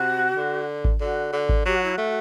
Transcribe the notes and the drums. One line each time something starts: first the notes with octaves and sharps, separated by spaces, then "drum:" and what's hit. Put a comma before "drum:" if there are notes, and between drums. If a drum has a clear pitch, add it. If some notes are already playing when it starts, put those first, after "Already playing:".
Already playing: C3 F#4
D3
drum: kick G#1
D3 F#4
D3
drum: kick G#1
F#3 G4
F#4
E4
A3 F#4